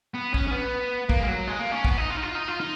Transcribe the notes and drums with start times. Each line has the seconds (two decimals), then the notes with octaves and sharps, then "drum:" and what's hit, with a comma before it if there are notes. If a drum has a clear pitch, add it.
0.15 B3
0.34 C#4, drum: kick
0.48 C#4
0.52 B3
1.09 A#3, drum: kick
1.20 G#3
1.28 F#3
1.48 G#3
1.59 A#3
1.72 C#4
1.85 B3, drum: kick
1.97 D#4
2.10 F4
2.18 D#4
2.23 F4
2.35 D#4
2.48 F4
2.60 D#4